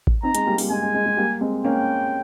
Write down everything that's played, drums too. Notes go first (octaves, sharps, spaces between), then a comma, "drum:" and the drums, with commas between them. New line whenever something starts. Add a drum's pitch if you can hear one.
drum: kick A1
C4 D#4 A#5
G#3, drum: hi-hat
G3 A#3
G3 A#3, drum: open hi-hat
G#3 G#5
G#3
G#3
G#3
G3 A#3
G#3 C4
A#3 C#4 G5